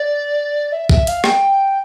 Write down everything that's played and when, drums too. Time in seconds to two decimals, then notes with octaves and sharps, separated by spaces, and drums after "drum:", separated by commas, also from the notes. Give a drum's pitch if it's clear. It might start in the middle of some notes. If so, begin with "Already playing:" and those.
Already playing: D5
0.72 E5
0.89 E5, drum: kick
1.07 F5, drum: hi-hat
1.24 G5, drum: rim click